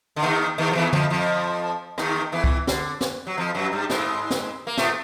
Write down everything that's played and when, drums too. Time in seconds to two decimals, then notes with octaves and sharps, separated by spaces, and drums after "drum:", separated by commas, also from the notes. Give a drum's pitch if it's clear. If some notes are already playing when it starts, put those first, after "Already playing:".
0.16 D3
0.22 D#2 D#3
0.58 D#2 D#3
0.71 F3
0.75 E2 E3
0.93 F2 F3, drum: tom
1.10 F2 F3
1.98 D#2 D#3, drum: rim click
2.32 E2 E3
2.44 drum: kick
2.67 D3, drum: snare
3.01 drum: snare
3.27 F#3
3.37 F2 F3
3.54 F#2 F#3
3.72 G2 G3
3.90 G#2 G#3, drum: snare
4.30 drum: snare
4.67 A#3
4.77 A2 A3, drum: snare